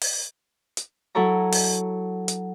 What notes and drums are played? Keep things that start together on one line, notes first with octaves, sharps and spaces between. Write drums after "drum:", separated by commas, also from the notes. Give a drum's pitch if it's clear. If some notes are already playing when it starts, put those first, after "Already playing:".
drum: open hi-hat
drum: hi-hat
F#3 E4 A4 C#5 A#5
drum: open hi-hat
drum: hi-hat